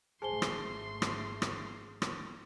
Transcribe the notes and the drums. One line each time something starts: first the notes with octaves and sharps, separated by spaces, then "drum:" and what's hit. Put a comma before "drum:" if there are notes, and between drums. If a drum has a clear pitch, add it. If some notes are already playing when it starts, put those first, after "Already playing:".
G#1 A3 G#4 C5 G#5 A5 C6 G7
drum: rim click
drum: rim click
drum: rim click
drum: rim click